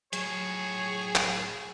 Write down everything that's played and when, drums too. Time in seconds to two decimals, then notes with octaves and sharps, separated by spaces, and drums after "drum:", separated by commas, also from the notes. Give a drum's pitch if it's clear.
0.13 A2 F3 F#3 G#4 C#5, drum: hi-hat
1.15 drum: clap